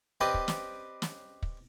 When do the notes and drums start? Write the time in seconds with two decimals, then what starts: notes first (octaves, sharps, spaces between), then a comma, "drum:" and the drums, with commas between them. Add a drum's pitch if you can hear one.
0.21 C4 G4 B4 D5 D#5
0.34 drum: kick
0.48 drum: snare
1.02 drum: snare
1.42 drum: kick